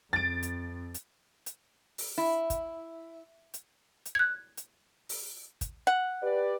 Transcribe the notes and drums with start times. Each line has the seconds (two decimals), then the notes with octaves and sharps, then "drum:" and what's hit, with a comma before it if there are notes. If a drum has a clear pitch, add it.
0.13 F2 A6 D7
0.43 drum: hi-hat
0.94 drum: hi-hat
1.46 drum: hi-hat
1.98 drum: open hi-hat
2.18 E4
2.50 drum: kick, hi-hat
3.54 drum: hi-hat
4.06 drum: hi-hat
4.15 F#6 G#6
4.57 drum: hi-hat
5.09 drum: open hi-hat
5.61 drum: kick, hi-hat
5.87 F#5
6.22 G4 B4 D5